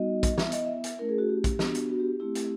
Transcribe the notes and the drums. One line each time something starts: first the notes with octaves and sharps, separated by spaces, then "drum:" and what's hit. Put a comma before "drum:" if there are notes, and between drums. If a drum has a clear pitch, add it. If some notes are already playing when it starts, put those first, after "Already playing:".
Already playing: G3 B3 D#4 F#4 D#5
drum: kick A#1, hi-hat
B3 E4 E5, drum: snare
D#5, drum: hi-hat
E5
drum: hi-hat
A3 C#4 E4 A#4
G#4
F#4
G4
drum: kick A#1, hi-hat
B3 D4 F#4, drum: snare
drum: hi-hat
F#4
G4
A3 C4 E4 G4
drum: hi-hat